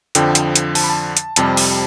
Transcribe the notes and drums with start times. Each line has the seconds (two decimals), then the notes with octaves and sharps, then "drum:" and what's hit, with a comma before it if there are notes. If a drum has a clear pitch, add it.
0.15 F2 D3 F3 G5, drum: hi-hat
0.35 drum: hi-hat
0.55 drum: hi-hat
0.75 A5, drum: open hi-hat
0.84 B5
0.90 A5
1.17 drum: hi-hat
1.36 F2 C3 G3 A5, drum: hi-hat
1.57 drum: open hi-hat